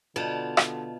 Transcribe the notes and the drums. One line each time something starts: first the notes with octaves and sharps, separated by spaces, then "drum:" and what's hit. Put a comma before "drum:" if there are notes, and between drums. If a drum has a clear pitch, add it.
B2 D3 F4 F#4 D5 D#5 A5
drum: rim click